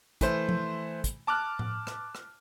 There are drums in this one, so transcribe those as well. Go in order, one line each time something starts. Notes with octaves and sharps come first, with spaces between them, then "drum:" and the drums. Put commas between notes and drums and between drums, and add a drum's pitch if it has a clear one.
E3 A3 C5, drum: kick, hi-hat
drum: tom F3
drum: kick, hi-hat
A5 D6 F6 F#6
drum: tom A2
drum: rim click
drum: rim click